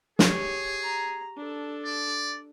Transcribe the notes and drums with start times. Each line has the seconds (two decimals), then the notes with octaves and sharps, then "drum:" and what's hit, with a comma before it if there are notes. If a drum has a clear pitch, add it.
0.19 G4 G#4 C#5, drum: snare
0.83 A#5
1.37 D4 A4
1.85 D5